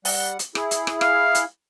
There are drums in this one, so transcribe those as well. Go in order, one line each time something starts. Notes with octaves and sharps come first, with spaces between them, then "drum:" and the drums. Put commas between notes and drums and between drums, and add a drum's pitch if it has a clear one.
G3 F#5, drum: open hi-hat
drum: hi-hat
E4 G#4, drum: rim click
drum: hi-hat
drum: rim click
F5, drum: rim click
drum: hi-hat